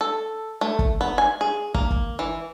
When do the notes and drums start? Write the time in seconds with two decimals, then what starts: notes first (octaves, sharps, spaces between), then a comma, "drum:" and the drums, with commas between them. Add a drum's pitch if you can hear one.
0.01 A4
0.61 A3
0.79 drum: kick
1.01 B3
1.18 G#5
1.41 G#4
1.74 A#3, drum: kick
1.90 drum: kick
2.19 E3